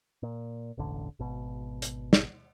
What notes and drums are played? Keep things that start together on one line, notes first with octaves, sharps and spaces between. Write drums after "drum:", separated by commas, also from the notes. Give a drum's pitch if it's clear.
A#2
E1 A1 D3
G#1 B2
drum: hi-hat
drum: snare